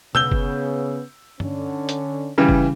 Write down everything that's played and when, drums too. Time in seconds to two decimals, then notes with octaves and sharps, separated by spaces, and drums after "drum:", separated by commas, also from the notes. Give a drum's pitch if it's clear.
0.15 C#3 B3 E6 G6 G7, drum: tom B2
0.32 drum: kick F#1
1.40 D3 C#4, drum: tom G2
1.89 drum: hi-hat
2.38 C#3 E3 G3
2.49 drum: kick F#1